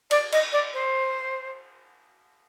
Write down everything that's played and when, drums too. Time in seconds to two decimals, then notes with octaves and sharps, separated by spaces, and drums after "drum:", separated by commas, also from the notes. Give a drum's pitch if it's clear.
0.11 D5, drum: cymbal
0.32 D#5, drum: cymbal
0.53 D5
0.74 C5